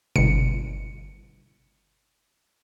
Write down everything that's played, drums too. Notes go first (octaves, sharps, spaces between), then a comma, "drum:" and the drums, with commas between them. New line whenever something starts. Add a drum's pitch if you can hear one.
G1 C#7, drum: tom B2